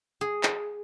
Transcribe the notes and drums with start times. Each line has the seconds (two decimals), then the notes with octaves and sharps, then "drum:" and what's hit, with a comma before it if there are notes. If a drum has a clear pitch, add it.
0.21 G#4
0.43 drum: clap